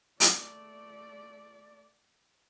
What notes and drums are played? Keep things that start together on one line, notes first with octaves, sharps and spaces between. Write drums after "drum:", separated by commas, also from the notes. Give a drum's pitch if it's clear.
A3 D5, drum: hi-hat